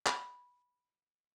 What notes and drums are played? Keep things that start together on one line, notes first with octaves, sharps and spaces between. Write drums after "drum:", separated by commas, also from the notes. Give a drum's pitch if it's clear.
B5, drum: clap